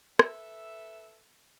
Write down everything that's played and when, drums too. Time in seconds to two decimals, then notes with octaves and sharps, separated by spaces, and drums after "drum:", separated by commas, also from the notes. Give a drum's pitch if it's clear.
0.19 A4 B4 E5, drum: rim click